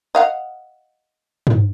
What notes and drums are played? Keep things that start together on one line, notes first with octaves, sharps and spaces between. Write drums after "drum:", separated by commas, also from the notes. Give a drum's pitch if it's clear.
D#5 F5 F#5
drum: tom G2